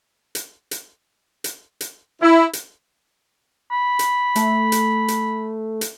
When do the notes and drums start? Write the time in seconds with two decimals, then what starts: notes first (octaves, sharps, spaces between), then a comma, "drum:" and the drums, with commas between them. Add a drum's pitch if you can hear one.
0.35 drum: hi-hat
0.71 drum: hi-hat
1.44 drum: hi-hat
1.81 drum: hi-hat
2.22 E4
2.53 drum: hi-hat
3.71 B5
3.99 drum: hi-hat
4.35 A3, drum: hi-hat
4.72 drum: hi-hat
5.08 drum: hi-hat
5.81 drum: hi-hat